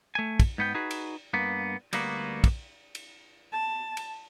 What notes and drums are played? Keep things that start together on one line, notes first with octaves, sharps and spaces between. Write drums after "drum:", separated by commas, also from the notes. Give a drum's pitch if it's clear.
A3 G#5
drum: kick, cymbal
G#2 B3 G5
D#4 F#4 G#4 B4
drum: cymbal
G2 A#3 B3
D2 G3 A#3 B3 F#4, drum: cymbal
drum: kick, cymbal
drum: cymbal
A5
drum: cymbal